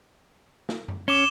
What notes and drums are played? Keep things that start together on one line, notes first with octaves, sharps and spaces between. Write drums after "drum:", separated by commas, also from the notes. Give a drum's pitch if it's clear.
drum: snare
drum: tom F#2
C#4 D6 E7 G7